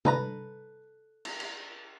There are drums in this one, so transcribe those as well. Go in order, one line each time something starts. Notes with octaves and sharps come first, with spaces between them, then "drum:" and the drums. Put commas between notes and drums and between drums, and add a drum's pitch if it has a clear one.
A4 B4 A#5, drum: tom C3
drum: cymbal
drum: cymbal